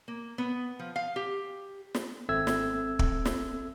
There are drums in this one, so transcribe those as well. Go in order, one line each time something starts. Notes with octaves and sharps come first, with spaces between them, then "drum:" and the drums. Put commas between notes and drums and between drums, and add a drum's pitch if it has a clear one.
A#3
B3
F3
F5
G4
drum: snare
G#1 C4 A4 E5 E6 G#6
drum: snare
drum: kick
drum: snare